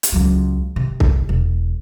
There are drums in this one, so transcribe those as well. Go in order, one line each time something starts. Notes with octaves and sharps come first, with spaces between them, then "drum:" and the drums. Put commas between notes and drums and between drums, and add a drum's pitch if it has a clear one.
drum: hi-hat
C#2 F#3
C3
drum: kick C2
E1